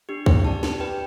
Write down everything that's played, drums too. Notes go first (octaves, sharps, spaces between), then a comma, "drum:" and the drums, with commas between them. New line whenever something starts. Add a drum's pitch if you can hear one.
D4 G4
G4, drum: kick
D5 A5
G4, drum: snare
B4 G5